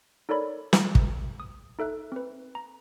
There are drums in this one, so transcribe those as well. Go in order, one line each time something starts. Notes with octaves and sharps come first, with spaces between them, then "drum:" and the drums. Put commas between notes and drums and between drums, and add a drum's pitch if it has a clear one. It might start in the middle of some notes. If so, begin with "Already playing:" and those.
D#4 A4 A#4 C#5 D5 B5
drum: snare
drum: kick
D#6
D#4 A4 E5 F#6
C4 B4
A#5